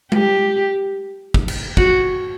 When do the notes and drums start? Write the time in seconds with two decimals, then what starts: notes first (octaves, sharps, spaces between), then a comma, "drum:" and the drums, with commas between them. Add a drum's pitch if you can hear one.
0.12 G4, drum: tom G#3
1.34 drum: kick
1.48 drum: cymbal
1.77 F#4, drum: kick